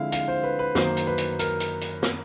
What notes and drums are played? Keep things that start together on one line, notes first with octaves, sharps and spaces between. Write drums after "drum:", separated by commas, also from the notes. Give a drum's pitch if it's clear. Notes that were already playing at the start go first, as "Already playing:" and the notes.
Already playing: D3 F3 G#3 C4 E4 E5 F5
F5, drum: hi-hat
C5
B4
B4
F#2 D#3 F#3 A#3 C5, drum: snare
drum: hi-hat
B4
drum: hi-hat
A#4, drum: hi-hat
drum: hi-hat
drum: hi-hat
drum: snare